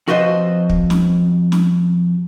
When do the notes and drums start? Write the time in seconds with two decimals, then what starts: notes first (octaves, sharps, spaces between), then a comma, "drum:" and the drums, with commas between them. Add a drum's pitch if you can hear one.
0.08 F2 F#4 B4 C5 D#5
0.69 drum: kick
0.90 drum: snare
1.52 drum: snare